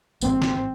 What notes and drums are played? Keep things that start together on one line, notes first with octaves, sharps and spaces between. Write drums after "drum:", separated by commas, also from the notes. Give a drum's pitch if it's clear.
A1 G#2 C4, drum: tambourine
drum: snare